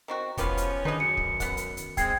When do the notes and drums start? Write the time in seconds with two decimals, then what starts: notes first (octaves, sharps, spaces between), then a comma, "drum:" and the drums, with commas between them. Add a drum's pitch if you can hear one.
0.08 D#3 C4 F#4
0.38 F1 F3 B3 C#4 G4 B4 F5, drum: kick, hi-hat
0.57 drum: hi-hat
0.85 D#3 D4 D#4 G#4 B4
1.00 F#2 C#7
1.17 drum: kick
1.40 B3 F#5, drum: kick, hi-hat
1.57 drum: hi-hat
1.77 drum: hi-hat
1.97 G#3 C4 G5 G#6 C7, drum: kick, hi-hat